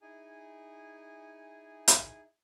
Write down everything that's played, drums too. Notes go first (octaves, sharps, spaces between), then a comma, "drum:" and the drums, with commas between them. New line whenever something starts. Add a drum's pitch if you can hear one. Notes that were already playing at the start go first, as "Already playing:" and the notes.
D#4 E4 G#4 G#5
drum: hi-hat